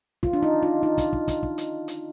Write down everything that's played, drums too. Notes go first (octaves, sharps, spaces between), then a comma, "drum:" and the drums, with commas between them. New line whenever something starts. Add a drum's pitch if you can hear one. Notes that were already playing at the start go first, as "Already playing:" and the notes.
F4, drum: kick
D4
D#4
F4
D#4
drum: kick, hi-hat
drum: kick
drum: kick, hi-hat
drum: kick
drum: hi-hat
drum: hi-hat